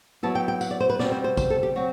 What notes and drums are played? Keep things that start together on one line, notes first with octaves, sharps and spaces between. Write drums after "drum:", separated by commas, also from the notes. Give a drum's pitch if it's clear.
F#3 B3 E4 A5
G5
G5
F#5, drum: tambourine
D5
C5
B4
B2 G3 C4 D5, drum: snare
C5
C5
C5, drum: kick A1, tambourine
A4
G4
F#3 C4 F#4